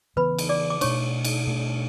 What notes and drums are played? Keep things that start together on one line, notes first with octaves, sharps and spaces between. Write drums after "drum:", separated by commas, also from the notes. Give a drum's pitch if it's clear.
C#3 E3 B3 B4 B5
drum: cymbal
D5 D6
D6
B2 A3 D4 C#5 C#6, drum: cymbal
drum: cymbal
B2 A3 D4